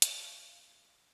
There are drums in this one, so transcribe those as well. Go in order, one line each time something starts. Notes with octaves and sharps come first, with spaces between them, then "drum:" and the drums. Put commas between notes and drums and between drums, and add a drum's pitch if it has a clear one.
F5, drum: hi-hat